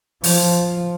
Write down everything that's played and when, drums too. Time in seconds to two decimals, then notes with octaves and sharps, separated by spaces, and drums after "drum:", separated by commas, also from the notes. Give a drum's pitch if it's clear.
0.24 F3, drum: open hi-hat